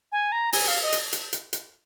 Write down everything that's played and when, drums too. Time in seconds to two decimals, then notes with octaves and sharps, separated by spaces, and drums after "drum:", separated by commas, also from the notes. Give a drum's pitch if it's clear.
0.12 G#5
0.32 A#5
0.53 G#5, drum: open hi-hat
0.68 F5
0.82 D#5
0.93 drum: hi-hat
1.13 drum: hi-hat
1.33 drum: hi-hat
1.53 drum: hi-hat